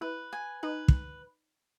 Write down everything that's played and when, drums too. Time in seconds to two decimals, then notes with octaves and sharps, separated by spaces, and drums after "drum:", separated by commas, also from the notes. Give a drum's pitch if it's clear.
0.01 E4 B4
0.33 G#5
0.63 D#4 B4
0.88 drum: kick